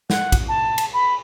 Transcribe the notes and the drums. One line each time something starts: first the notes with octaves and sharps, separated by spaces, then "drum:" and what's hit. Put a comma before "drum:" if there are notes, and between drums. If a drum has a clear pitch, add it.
F#5, drum: snare
drum: kick A#1, cymbal
A5
drum: cymbal
B5